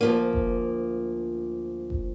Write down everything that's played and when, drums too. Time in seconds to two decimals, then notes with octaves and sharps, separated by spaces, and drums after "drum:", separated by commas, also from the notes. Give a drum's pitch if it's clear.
0.01 D2 F3 A#3
0.33 drum: kick F#1
1.90 drum: kick F#1